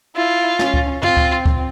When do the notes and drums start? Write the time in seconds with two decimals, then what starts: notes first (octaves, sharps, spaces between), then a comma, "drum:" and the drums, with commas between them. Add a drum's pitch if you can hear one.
0.16 E4 F4
0.59 C#4, drum: snare
0.74 drum: kick C#2
1.03 C4 F4, drum: tom
1.17 drum: kick C#2
1.46 drum: kick C#2